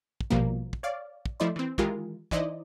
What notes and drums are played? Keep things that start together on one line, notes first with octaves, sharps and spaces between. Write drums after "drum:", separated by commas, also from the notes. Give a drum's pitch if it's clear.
drum: kick
A#1 B2 F3 G3 A#3
drum: kick
C#5 D5 F5
drum: kick
F3 A3 E4 D5 D#5 C6
E3 C4
D#3 E3 G#3 F4 G4 A#4, drum: kick
E3 D#4 E4 C5 D5 D#5, drum: kick